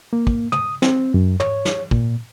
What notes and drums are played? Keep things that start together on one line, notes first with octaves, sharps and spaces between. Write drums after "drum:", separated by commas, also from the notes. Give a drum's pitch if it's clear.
A#3
drum: kick
D#6, drum: tom
C4, drum: snare
F#2
C#5, drum: tom
drum: snare
A#2, drum: kick